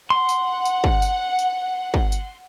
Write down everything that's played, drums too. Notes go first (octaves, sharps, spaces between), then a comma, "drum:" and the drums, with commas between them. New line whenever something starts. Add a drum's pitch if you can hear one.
F#5 C6
drum: tambourine
drum: tambourine
drum: kick
drum: tambourine
drum: tambourine
drum: kick
drum: tambourine